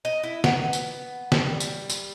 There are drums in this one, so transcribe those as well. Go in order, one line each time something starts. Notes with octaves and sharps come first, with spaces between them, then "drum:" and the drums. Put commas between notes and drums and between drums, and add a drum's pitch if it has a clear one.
D#5
E4
B3, drum: snare
drum: tambourine
G3, drum: snare
drum: tambourine
drum: tambourine